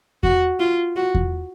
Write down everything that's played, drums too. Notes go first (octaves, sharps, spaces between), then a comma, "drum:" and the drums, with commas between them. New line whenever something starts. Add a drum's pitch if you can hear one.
F#4, drum: kick E2
F4
F#4
drum: kick E2